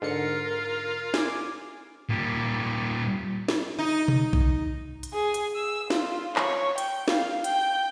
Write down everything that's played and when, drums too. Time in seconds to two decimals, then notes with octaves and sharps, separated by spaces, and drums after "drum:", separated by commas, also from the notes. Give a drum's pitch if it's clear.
0.02 G#2 D3 F4 A#4 C#7
1.14 G#5 D6, drum: snare
2.09 A#2 G3
3.48 drum: snare
3.79 D#4
4.08 drum: tom B2
4.33 drum: kick B1
5.03 drum: hi-hat
5.13 G#4
5.34 drum: hi-hat
5.56 E6
5.90 F4, drum: snare
6.36 C#5, drum: clap
6.78 G5, drum: hi-hat
7.08 F5, drum: snare
7.44 G5, drum: hi-hat